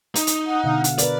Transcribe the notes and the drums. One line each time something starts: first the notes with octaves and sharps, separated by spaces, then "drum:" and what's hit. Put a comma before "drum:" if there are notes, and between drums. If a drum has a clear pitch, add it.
D#4, drum: hi-hat
drum: hi-hat
F#5
B2 D3 F5
drum: hi-hat
A#4 B4 D5, drum: hi-hat